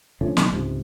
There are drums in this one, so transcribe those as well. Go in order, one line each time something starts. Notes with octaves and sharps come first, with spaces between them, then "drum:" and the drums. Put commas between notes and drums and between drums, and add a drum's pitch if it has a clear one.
D3 F3 A3 C#4
B1, drum: snare
C#2 G#2 C3